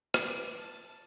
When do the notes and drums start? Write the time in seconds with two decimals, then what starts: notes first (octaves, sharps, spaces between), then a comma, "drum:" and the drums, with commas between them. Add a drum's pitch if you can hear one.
0.14 B4 D5, drum: rim click
0.58 A5